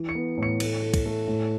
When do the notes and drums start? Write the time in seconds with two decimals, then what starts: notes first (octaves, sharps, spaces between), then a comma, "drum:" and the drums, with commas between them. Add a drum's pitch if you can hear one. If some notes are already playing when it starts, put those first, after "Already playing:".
Already playing: E3
0.09 C#7
0.15 B3
0.37 A2
0.43 C#7
0.60 A3, drum: cymbal
0.83 A3
0.94 drum: kick, cymbal
1.05 A3
1.27 A2